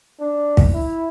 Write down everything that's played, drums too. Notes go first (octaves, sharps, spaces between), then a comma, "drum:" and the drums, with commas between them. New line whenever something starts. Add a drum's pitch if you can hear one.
D4
drum: kick
E4